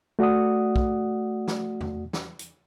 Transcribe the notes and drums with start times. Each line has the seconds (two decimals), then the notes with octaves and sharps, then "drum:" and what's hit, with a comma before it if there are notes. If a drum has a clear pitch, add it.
0.19 A3 F#4 D5 F#5 D#6
0.76 drum: kick
1.48 drum: snare
1.81 drum: tom E2
2.13 drum: snare
2.39 drum: hi-hat